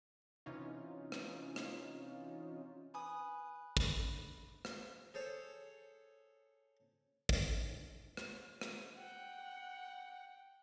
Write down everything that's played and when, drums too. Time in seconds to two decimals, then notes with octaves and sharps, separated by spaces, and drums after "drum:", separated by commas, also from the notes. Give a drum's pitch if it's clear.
0.46 C3 E3 C#4 D#4 F4
1.12 drum: rim click
1.56 drum: rim click
2.94 B4 G#5 D#6
3.77 drum: kick
4.65 drum: rim click
5.14 G#4 A4 C5 C#5
7.29 drum: kick
8.17 drum: rim click
8.61 drum: rim click
8.97 F#5 G5